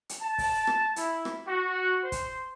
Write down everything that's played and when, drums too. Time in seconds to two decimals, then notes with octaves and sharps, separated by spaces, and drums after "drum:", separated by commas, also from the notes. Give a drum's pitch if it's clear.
0.09 drum: hi-hat
0.21 A5
0.38 drum: kick, open hi-hat
0.67 drum: rim click
0.96 E4, drum: hi-hat
1.25 drum: rim click
1.47 F#4
2.03 C5
2.12 drum: kick, hi-hat